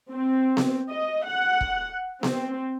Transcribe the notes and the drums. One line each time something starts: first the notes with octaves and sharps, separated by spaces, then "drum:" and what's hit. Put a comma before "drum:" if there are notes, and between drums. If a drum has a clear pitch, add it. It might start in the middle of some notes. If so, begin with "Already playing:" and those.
C4
drum: snare B3
D#5
F#5
drum: kick
C4, drum: snare B3